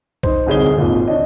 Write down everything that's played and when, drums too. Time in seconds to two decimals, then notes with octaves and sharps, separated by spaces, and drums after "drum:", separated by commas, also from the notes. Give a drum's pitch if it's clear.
0.23 D#4 C5, drum: kick B1
0.47 D1 C2 D#4 G#4 C#5 G7
0.77 G#1 D#2 A#2
1.08 D4 C#5 D#5